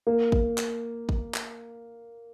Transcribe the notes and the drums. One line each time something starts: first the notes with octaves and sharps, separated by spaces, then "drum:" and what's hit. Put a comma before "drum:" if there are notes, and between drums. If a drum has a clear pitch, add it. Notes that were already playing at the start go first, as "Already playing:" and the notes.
A#3
drum: kick
drum: clap
drum: kick
drum: clap